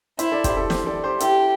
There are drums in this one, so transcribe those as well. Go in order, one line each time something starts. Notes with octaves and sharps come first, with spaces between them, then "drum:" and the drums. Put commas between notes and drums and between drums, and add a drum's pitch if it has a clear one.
E4 C5 E5, drum: hi-hat
A4 D5
G4 C5, drum: kick, hi-hat
E4 A4
G4 C5, drum: snare
A4 D5
G4 C5
E4 G4 A4, drum: hi-hat